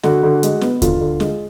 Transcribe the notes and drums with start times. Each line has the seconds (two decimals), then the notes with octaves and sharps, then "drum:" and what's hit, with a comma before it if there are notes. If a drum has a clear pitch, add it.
0.03 D3 F#4, drum: snare
0.23 D3
0.43 G#3, drum: hi-hat
0.61 B3, drum: snare
0.82 D3 F4, drum: kick D#2, hi-hat
1.01 D3
1.20 G#3, drum: snare